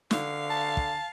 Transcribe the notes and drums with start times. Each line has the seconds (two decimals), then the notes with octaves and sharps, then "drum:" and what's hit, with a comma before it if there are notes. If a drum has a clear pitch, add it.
0.11 D3 F5, drum: snare
0.50 A5
0.77 drum: kick